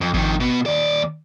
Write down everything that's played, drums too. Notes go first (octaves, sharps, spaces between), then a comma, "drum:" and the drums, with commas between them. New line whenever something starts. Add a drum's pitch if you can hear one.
F2
F2 D#3, drum: kick G#1
B2 B3
D#2 D5